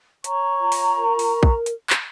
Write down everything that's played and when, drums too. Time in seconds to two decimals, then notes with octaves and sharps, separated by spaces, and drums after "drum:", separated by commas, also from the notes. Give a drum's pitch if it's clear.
0.24 C#5 A#5 C#6, drum: hi-hat
0.60 F4
0.72 drum: open hi-hat
0.95 A#4
1.19 drum: open hi-hat
1.43 drum: kick
1.66 drum: hi-hat
1.90 drum: clap